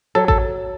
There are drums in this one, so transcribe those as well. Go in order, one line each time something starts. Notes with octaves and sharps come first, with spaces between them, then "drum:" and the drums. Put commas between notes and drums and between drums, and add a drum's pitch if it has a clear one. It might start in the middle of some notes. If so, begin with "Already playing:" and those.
F#3 A4
A4, drum: kick A1